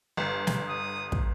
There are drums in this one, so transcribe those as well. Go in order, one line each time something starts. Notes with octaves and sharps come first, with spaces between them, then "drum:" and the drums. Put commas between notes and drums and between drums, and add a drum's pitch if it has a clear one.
G1
drum: snare
D#6
drum: kick